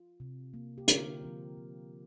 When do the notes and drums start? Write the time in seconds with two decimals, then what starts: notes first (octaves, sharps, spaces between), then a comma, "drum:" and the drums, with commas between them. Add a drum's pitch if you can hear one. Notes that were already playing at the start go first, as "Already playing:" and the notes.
Already playing: F4
0.20 C3
0.54 A#3
0.78 G4
0.88 D3 F4 A#4, drum: hi-hat
1.22 F3 C4
1.57 D3